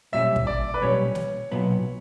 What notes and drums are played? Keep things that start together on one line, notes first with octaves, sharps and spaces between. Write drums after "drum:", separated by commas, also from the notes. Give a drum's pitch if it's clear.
B1 A#2 G3 C#4 E5
drum: kick
D5
B4
B1 A#2 G3 C#4 C#5
drum: snare
B1 A#2 F#3 B3